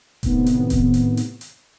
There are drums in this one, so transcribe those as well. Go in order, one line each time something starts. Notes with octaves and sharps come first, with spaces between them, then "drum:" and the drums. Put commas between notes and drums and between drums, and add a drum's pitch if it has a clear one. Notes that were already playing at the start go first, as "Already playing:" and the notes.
A2 C3 D#3 B3, drum: kick D#1, hi-hat
drum: hi-hat
drum: kick D#1, hi-hat
drum: hi-hat
drum: hi-hat
drum: hi-hat